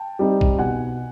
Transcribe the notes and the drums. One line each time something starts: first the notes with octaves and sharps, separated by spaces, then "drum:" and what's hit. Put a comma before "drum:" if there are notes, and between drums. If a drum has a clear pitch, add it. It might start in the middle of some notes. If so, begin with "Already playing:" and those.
Already playing: G5 A5
G3 C4 D#4
drum: kick
B2 F#5 G#5